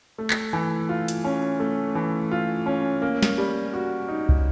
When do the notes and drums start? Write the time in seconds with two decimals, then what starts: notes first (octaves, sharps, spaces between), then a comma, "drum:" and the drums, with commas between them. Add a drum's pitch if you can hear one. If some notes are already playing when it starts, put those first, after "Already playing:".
0.18 A3
0.30 drum: clap
0.53 E3
0.89 F4
1.08 drum: hi-hat
1.25 C#4
1.60 A3
1.95 E3
2.31 F4
2.66 C#4
3.02 A#3
3.23 drum: snare
3.38 G3
3.74 F#4
4.08 D#4
4.29 drum: kick